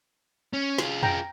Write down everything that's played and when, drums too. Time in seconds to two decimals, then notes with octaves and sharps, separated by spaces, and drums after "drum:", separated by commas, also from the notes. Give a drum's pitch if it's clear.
0.53 C#4
0.78 F4 G#4, drum: snare
1.03 G5 A#5, drum: tom F2